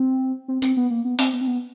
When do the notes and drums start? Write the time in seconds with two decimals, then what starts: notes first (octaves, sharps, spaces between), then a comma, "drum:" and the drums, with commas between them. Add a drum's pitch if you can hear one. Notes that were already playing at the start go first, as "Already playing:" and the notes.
Already playing: C4
0.48 C4
0.62 C4, drum: tambourine
0.77 B3
0.90 A#3
1.05 B3
1.19 C4, drum: open hi-hat
1.33 B3
1.41 C4
1.47 B3